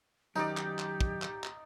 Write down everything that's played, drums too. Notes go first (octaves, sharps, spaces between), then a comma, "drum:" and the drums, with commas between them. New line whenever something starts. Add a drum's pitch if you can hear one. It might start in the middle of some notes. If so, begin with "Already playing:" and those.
F#2 D#3 D#4 G4 D5, drum: tambourine
drum: clap
drum: clap
drum: kick
drum: clap
drum: clap